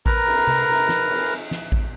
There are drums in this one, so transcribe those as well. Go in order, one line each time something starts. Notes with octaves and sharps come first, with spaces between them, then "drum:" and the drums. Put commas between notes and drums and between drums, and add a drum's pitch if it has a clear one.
A#4 B4 A#5, drum: kick A1
drum: cymbal
drum: tom C3
drum: cymbal
drum: snare
drum: cymbal
drum: snare
drum: kick A1